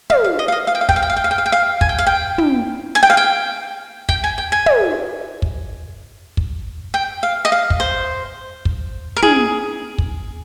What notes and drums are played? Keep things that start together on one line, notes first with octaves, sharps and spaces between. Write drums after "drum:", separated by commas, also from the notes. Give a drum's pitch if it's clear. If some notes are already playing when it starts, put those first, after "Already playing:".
F5, drum: tom
F5
D#5
F5
D#5
F5
G5
F5
G5, drum: kick
F5
G5
F5
G5
F5
G5
F5
G5
F5
G#5, drum: kick
G5
F5
G5
drum: tom
G#5
G5
F5
G5
G5, drum: kick
G#5
G5
G#5
drum: tom
drum: kick
drum: kick
G5
F5
D#5
F5
drum: kick
C5
drum: kick
A#4
G#4, drum: tom
drum: kick